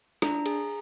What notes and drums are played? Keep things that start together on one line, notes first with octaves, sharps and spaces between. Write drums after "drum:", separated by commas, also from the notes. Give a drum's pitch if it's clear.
D4 A#5, drum: rim click
G#4, drum: cymbal